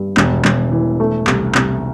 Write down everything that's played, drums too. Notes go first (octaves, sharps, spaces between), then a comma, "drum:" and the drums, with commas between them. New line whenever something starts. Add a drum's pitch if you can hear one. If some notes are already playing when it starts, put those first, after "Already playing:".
Already playing: G2
E1, drum: clap
E1, drum: clap
E3
A3
C2, drum: clap
C2, drum: clap